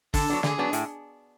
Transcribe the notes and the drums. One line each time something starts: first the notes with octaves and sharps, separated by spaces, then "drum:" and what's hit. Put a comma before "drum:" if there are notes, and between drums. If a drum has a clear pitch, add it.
D3 A4, drum: kick, open hi-hat
F#3 B3 D4
D3 G#4, drum: snare
F#3 B3 D4
A2, drum: hi-hat